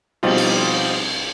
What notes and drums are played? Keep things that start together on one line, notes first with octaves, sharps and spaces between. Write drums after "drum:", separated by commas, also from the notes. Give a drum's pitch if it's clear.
B2 F3 G3 C4 D#4 F4, drum: cymbal
drum: cymbal